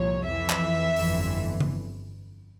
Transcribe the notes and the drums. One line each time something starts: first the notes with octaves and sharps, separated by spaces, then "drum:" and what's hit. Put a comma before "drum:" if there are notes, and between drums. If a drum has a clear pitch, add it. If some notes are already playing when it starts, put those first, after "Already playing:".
Already playing: C2 A#2 F3 C#5
F2 E3 E5
drum: clap
G1 F2 E3, drum: open hi-hat
drum: tom C#3